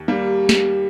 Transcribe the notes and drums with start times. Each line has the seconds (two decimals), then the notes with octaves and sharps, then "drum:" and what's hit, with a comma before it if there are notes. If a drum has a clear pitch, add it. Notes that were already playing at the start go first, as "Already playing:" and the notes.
Already playing: D#2
0.08 G3 A#3
0.49 drum: snare